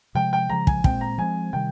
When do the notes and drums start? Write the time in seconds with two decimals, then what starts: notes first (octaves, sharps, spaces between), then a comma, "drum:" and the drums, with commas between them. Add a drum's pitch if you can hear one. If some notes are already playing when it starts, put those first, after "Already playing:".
0.15 C3 F3 G#3 G5
0.33 G5
0.50 C#3 F3 G#3 A#5
0.67 G#5, drum: kick
0.84 A#2 G#3 C4 G5, drum: kick
1.01 A#5
1.18 F3 G#3 C4 G#5
1.53 C3 D#3 G3 G5